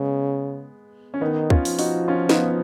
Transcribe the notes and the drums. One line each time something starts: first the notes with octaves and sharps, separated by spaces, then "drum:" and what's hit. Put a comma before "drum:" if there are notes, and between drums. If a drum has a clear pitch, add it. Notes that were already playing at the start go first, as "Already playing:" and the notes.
Already playing: C#3 G#3 B3
C#4
D#3 B3 D#4
C#4 F4, drum: kick
F3, drum: open hi-hat
D#4 F#4, drum: open hi-hat
C#4 F4
B3 D#4, drum: snare